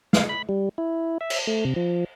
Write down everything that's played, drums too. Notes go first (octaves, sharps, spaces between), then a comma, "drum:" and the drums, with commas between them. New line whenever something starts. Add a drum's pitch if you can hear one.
F5, drum: snare
B5
G3
E4
E5
drum: cymbal
A3
C3
F3